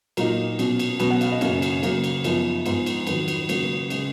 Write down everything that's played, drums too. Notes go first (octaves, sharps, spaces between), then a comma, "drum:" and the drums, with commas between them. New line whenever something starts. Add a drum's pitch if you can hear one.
A#2 F#3 A#3 D#4 A#4, drum: cymbal
B2 F#3 C#4, drum: cymbal
drum: cymbal
B2 F#3 C#4 B4, drum: cymbal
F#5
F5, drum: cymbal
D#5
F#2 C#3 F#3 A#3 C#4, drum: cymbal
drum: cymbal
C#3 F#3 A#3, drum: cymbal
drum: cymbal
F#2 F3 B3 D#4, drum: cymbal
G#2 F3 B3 D#4, drum: cymbal
drum: cymbal
F2 D#3 F#3 B4, drum: cymbal
drum: cymbal
C#3 F#3 A#3, drum: cymbal
C#3 G#3, drum: cymbal